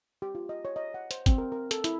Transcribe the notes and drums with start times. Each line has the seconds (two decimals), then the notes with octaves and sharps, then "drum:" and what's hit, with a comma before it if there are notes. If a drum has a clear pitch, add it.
0.22 G4
0.35 F4
0.49 D#5
0.65 C#5
0.76 D#5
0.94 F#5
1.11 C5, drum: hi-hat
1.26 C4, drum: kick, hi-hat
1.38 A#4
1.52 A#4
1.71 A4, drum: hi-hat
1.84 E4, drum: hi-hat